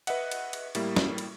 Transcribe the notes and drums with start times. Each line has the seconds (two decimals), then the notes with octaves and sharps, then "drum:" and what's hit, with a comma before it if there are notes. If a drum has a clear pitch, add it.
0.07 B4 D#5 E5 F#5, drum: cymbal
0.31 drum: cymbal
0.53 drum: cymbal
0.75 A2 G3 A#3 E4, drum: cymbal
0.96 drum: snare
1.18 drum: cymbal